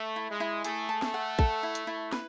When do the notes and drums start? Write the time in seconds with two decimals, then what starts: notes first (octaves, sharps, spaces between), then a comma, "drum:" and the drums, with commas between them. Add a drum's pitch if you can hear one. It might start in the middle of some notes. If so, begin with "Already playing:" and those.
Already playing: A3
0.16 E4
0.29 G#3
0.40 E4
0.64 A3 G#4, drum: hi-hat
0.89 A5
1.02 A3, drum: snare
1.14 F#5
1.39 A4, drum: kick
1.63 E4
1.75 drum: hi-hat
1.87 E4
2.13 B4, drum: snare